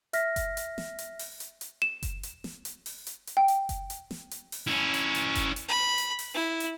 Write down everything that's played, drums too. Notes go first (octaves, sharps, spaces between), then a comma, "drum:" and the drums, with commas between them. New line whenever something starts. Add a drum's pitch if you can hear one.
E5 F6 A#6 B6, drum: hi-hat
drum: kick F#1, hi-hat
drum: hi-hat
drum: snare
drum: hi-hat
drum: open hi-hat
drum: hi-hat
drum: hi-hat
E7
drum: kick F#1, hi-hat
drum: hi-hat
drum: snare
drum: hi-hat
drum: open hi-hat
drum: hi-hat
drum: hi-hat
G5
drum: hi-hat
drum: kick F#1, hi-hat
drum: hi-hat
drum: snare
drum: hi-hat
drum: open hi-hat
C#4 E4
drum: hi-hat
drum: hi-hat
drum: kick F#1, hi-hat
drum: hi-hat
B5
drum: hi-hat
drum: open hi-hat
E4
drum: hi-hat